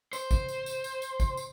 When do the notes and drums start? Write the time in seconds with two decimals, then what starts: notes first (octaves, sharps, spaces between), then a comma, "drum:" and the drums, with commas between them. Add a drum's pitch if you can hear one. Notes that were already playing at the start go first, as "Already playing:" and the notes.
0.13 C5, drum: tambourine
0.31 drum: kick, tambourine
0.48 drum: tambourine
0.66 drum: tambourine
0.84 drum: tambourine
1.02 drum: tambourine
1.20 drum: kick, tambourine
1.37 drum: tambourine